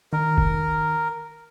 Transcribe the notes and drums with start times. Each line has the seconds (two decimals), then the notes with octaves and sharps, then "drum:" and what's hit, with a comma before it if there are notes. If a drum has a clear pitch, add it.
0.13 D#3 A#4
0.38 drum: kick